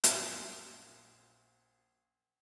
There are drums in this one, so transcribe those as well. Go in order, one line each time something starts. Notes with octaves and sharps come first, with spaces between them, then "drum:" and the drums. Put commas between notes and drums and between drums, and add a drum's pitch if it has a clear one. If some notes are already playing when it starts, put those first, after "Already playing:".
A#1 F#2 A#2, drum: hi-hat